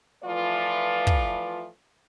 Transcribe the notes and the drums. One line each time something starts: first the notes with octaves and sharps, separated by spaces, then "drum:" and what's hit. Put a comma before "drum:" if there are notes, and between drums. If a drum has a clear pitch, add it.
E3 F3 A3 F4 B4 D5
drum: kick